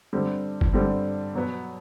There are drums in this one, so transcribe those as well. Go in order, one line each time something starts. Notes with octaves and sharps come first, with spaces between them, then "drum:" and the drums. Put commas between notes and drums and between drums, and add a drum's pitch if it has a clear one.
D3 G3 C4
drum: kick F#1
D3 G3 C4
B2 F#3 B3